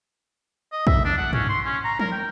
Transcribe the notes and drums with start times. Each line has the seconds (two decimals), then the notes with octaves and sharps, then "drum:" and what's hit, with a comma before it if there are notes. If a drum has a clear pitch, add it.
0.72 D#5
0.87 E5, drum: kick
1.05 D4
1.18 F#5
1.33 C#4, drum: tom
1.49 C6
1.65 C#4
1.85 A#5
1.99 A#4, drum: tom
2.12 G5